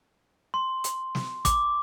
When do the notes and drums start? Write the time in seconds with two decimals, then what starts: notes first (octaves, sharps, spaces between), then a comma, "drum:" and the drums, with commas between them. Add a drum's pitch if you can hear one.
0.54 C6
0.84 drum: hi-hat
1.15 drum: snare
1.45 D6, drum: kick, hi-hat